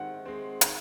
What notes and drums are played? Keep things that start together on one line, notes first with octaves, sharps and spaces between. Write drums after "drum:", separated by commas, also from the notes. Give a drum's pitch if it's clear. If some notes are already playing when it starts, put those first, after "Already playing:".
Already playing: D#3 G#3 C4 F#5
G#3 C4
D#3, drum: hi-hat